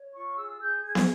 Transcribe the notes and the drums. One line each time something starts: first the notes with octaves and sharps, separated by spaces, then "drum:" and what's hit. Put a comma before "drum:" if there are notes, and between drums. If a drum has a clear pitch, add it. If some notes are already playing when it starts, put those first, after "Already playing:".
Already playing: C#5
F4 C#6
G#4 E6
G#4 G6
G#4 G#6
drum: snare